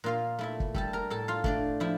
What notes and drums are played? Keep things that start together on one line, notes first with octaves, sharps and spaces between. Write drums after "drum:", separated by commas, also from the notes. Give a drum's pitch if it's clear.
A#2 F4 F5
A3 E4 E5
drum: kick
G3 A4 A5, drum: kick
A#4 A#5
A2 A4 A5
F4 F5
A3 D4 D5, drum: kick
F3 E4 E5